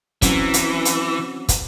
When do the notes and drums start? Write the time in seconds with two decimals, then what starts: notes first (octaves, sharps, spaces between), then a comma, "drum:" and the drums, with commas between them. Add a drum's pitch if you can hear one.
0.22 E3 F#3 C4 C#4, drum: kick, hi-hat
0.54 drum: hi-hat
0.85 drum: hi-hat
1.48 drum: kick, hi-hat